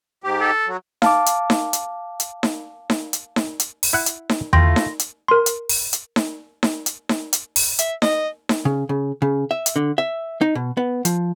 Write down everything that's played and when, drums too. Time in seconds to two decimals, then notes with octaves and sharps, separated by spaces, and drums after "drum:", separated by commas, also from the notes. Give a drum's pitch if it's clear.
0.24 G#2 G4
0.40 A4
0.67 F#3
1.02 F5 A5 D6, drum: snare D#4
1.26 drum: hi-hat
1.50 drum: snare D#4
1.73 drum: hi-hat
2.20 drum: hi-hat
2.43 drum: snare D#4
2.90 drum: snare D#4
3.13 drum: hi-hat
3.36 drum: snare D#4
3.60 drum: hi-hat
3.83 drum: open hi-hat
3.93 E4 F#5
4.06 drum: hi-hat
4.29 drum: snare D#4
4.53 A3 E4 F4 G5 C6 A#6, drum: tom E2
4.76 drum: snare D#4
4.99 drum: hi-hat
5.28 A#4 C6
5.46 drum: hi-hat
5.69 drum: open hi-hat
5.93 drum: hi-hat
6.16 drum: snare D#4
6.63 drum: snare D#4
6.86 drum: hi-hat
7.09 drum: snare D#4
7.33 drum: hi-hat
7.56 drum: open hi-hat
7.79 E5, drum: hi-hat
8.02 D#5, drum: snare D#4
8.49 drum: snare D#4
8.65 C#3
8.89 C#3
9.22 C#3
9.51 E5
9.66 drum: hi-hat
9.76 D3
9.98 E5
10.41 D#4
10.55 B2
10.77 B3
11.05 F3, drum: hi-hat